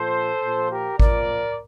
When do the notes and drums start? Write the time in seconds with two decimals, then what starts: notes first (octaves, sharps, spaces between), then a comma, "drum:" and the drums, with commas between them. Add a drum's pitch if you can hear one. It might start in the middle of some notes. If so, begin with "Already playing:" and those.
Already playing: A#2 F3 A4 C5
0.43 A#2 F3
0.71 G4 A#4
0.99 A#2 F3 A#4 D5, drum: kick G#1